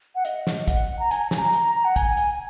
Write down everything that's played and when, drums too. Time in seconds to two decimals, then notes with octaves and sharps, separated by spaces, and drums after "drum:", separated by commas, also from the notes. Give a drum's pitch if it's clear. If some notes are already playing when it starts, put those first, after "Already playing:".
0.15 F#5
0.25 D#5, drum: hi-hat
0.47 drum: snare
0.68 F#5, drum: kick, hi-hat
0.99 A#5
1.11 G#5, drum: hi-hat
1.31 G#5, drum: snare
1.38 A#5
1.53 drum: hi-hat
1.68 A#5
1.85 F#5
1.96 G#5, drum: kick, hi-hat
2.17 drum: hi-hat
2.34 G#5